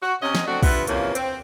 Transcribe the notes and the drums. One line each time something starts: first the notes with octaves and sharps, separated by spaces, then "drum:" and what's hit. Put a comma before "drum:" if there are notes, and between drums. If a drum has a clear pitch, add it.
F#4
C3 C#4 D#5
drum: snare
A3 C4 D4 F#4
G2 F4 B4 E5 F#5, drum: kick, open hi-hat
F2 C3 E3 F3 A#3 C#4, drum: hi-hat
C4, drum: hi-hat